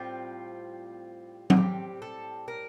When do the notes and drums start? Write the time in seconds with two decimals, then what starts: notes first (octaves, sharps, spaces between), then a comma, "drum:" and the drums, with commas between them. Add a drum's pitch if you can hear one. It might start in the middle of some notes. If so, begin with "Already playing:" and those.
Already playing: A2 G3 C4 F4
1.50 F4, drum: tom F#3
1.56 A2 G3 C4 G4
2.02 A4
2.48 A#4